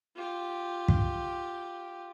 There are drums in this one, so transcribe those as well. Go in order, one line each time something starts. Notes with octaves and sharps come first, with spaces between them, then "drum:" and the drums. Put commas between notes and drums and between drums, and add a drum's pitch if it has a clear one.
F4 G4
drum: kick